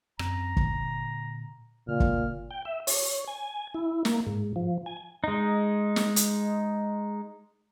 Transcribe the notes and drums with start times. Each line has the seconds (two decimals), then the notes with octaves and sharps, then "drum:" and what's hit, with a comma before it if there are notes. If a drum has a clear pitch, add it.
0.19 F#2 C4 A#5, drum: rim click
0.57 A#2 D3, drum: kick
1.88 A#2 C#3 F6
2.00 drum: kick
2.51 G5
2.65 E5
2.87 C#5, drum: open hi-hat
3.28 G#5
3.74 E4
4.05 A#3, drum: snare
4.27 G#2
4.56 F3
4.86 G#5
5.24 G#3 D#4
5.96 drum: snare
6.16 drum: hi-hat